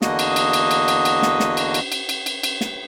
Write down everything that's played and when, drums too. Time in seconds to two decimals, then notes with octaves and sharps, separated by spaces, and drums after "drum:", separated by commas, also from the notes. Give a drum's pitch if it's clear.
0.02 E2 D3 A#3 F#4 D#5 D#6, drum: snare
0.19 drum: cymbal
0.36 drum: cymbal
0.53 drum: cymbal
0.71 drum: cymbal
0.88 drum: cymbal
1.05 drum: cymbal
1.23 drum: snare
1.40 drum: snare
1.57 drum: cymbal
1.74 drum: cymbal
1.92 drum: cymbal
2.09 drum: cymbal
2.26 drum: cymbal
2.43 drum: cymbal
2.61 drum: snare